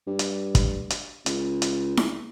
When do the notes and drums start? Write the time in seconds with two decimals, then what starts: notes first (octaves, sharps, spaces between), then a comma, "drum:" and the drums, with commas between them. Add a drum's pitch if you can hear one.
0.07 G2
0.19 drum: hi-hat
0.55 drum: kick, hi-hat
0.90 drum: hi-hat
1.26 C#2, drum: hi-hat
1.62 drum: hi-hat
1.97 drum: snare E4